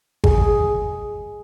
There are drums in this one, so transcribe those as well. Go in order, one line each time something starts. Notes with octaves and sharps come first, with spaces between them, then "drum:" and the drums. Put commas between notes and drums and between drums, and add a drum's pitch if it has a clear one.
G#4, drum: kick G#1